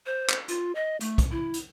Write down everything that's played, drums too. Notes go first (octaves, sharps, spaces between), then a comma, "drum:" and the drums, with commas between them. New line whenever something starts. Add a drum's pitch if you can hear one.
C5
drum: clap
F4, drum: hi-hat
D#5
A3, drum: hi-hat
drum: kick, hi-hat
E4
drum: hi-hat